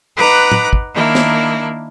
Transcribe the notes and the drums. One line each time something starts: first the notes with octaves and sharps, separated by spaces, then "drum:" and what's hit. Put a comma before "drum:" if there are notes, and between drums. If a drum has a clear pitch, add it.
D#4 B4 F#5 A#5 D6
drum: tom
drum: kick
D#3 A#3 D4 E4
drum: snare